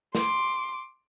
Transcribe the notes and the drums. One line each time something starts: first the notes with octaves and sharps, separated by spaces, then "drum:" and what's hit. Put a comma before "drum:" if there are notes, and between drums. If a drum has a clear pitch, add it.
C6 D6, drum: snare